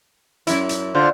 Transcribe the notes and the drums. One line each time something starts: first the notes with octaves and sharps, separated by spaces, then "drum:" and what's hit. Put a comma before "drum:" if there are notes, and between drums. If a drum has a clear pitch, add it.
F#2 E4, drum: hi-hat
drum: hi-hat
D3 F4 C5